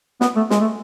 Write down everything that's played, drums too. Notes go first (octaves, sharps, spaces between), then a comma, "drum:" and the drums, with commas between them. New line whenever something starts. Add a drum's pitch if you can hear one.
B3, drum: snare
A3
G#3, drum: snare
A3